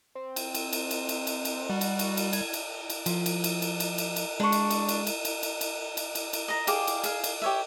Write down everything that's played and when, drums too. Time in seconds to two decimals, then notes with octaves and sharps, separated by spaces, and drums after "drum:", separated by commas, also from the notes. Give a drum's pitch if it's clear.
0.15 C4
0.36 drum: cymbal
0.54 drum: cymbal
0.73 drum: cymbal
0.91 drum: cymbal
1.09 drum: cymbal
1.27 drum: cymbal
1.45 drum: cymbal
1.70 G3 F#4
1.81 drum: cymbal
1.99 drum: cymbal
2.17 drum: cymbal
2.33 G#6, drum: cymbal
2.53 drum: cymbal
2.90 drum: cymbal
3.06 F3, drum: cymbal
3.26 drum: cymbal
3.44 drum: cymbal
3.62 drum: cymbal
3.80 drum: cymbal
3.98 drum: cymbal
4.16 drum: cymbal
4.40 G#3 D4 C#6
4.52 drum: cymbal
4.70 drum: cymbal
4.89 drum: cymbal
5.07 drum: cymbal
5.25 drum: cymbal
5.43 drum: cymbal
5.61 drum: cymbal
5.97 drum: cymbal
6.15 drum: cymbal
6.33 drum: cymbal
6.48 D#5 A#5
6.67 G4 G#4 F5 D6, drum: cymbal
6.87 drum: cymbal
7.04 G#4 F5, drum: cymbal
7.24 drum: cymbal
7.42 G4 C#5 E5